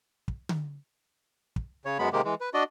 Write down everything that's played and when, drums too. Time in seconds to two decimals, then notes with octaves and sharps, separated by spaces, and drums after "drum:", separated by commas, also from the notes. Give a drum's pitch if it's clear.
0.28 drum: kick
0.49 drum: tom D3
1.56 drum: kick
1.85 C#3 C#5
1.99 F#2 F#3 G#3 B3 B5
2.13 C3 D#3 G#3 A#3 G4
2.25 E3 G#3
2.41 B4
2.54 D4 F#4 D5 D#5